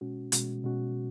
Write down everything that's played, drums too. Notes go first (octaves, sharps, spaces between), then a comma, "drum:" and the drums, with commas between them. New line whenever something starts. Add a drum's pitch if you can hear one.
B2 G#3 C#4 F#4
B2 G#3 C#4 F#4, drum: hi-hat
B2 G#3 C#4 F#4